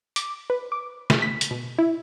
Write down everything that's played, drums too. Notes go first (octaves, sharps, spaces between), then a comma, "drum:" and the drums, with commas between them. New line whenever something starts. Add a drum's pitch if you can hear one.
D6, drum: hi-hat
B4
D6
drum: snare
B6
drum: hi-hat
B2
E4